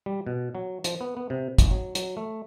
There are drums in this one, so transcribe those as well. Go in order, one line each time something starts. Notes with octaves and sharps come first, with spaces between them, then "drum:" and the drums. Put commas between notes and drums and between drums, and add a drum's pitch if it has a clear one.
G3
B2
F#3
F3, drum: hi-hat
B3
B3
C3
G#1, drum: kick, hi-hat
F#3
F#3, drum: hi-hat
A3